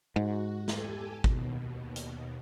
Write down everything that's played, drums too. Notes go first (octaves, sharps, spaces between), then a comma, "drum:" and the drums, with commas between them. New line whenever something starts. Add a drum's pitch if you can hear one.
G#2 F#4
G4 A4 G#5, drum: snare
D#2 B2, drum: kick
drum: hi-hat